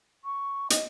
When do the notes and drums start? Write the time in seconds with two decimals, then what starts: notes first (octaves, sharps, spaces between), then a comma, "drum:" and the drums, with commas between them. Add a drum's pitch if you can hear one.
0.24 C#6
0.70 D#5, drum: hi-hat